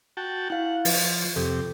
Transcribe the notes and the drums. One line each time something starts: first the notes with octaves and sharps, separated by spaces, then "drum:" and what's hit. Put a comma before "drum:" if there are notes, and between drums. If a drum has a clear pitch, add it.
F#4 G5 A5
E4 F5 F#5
F3 A6, drum: open hi-hat
F2 C3 G4 A4